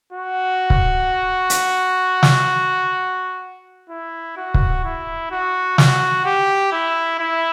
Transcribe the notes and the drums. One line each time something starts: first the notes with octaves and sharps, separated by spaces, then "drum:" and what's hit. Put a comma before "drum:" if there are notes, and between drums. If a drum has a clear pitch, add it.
F#4
drum: kick
drum: hi-hat
drum: snare
E4
F#4
drum: kick
E4
F#4
F#4, drum: snare
G4
E4
E4